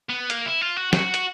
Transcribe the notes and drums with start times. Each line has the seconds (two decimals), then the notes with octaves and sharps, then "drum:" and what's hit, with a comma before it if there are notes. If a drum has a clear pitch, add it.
0.09 B3
0.30 A#3, drum: hi-hat
0.46 E4
0.62 F4
0.77 F#4
0.93 F#4, drum: snare
1.14 drum: hi-hat